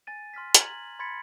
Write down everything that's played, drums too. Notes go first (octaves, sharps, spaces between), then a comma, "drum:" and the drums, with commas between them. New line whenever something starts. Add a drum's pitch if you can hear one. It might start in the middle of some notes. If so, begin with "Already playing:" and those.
G#5 A6 D#7
C6 F6 A6 B6
A#5 G#6 F#7, drum: hi-hat
B5 C6 G#6 A6 B6 C#7